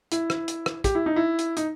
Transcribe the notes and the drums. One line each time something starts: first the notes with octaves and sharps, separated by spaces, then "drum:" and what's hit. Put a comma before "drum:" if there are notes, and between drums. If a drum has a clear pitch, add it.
E4, drum: hi-hat
drum: rim click
drum: hi-hat
drum: rim click
G4, drum: kick, hi-hat
E4
D#4
E4
drum: hi-hat
D#4, drum: hi-hat